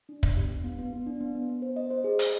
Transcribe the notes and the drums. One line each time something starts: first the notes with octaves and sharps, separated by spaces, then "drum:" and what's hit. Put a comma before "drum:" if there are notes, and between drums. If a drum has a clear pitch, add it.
D4
B3, drum: kick
G4
D4
B3
B3
B3
D4
B3
B3
B3
C5
D#5
C5
G#4
D#5, drum: hi-hat